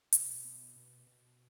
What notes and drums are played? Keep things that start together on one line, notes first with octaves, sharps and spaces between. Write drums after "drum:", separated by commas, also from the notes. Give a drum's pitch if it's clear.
B2, drum: hi-hat
B3
B2
B2